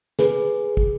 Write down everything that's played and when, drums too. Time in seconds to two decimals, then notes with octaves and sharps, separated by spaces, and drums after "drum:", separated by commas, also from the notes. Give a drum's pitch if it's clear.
0.19 G#4 B4, drum: snare
0.77 drum: kick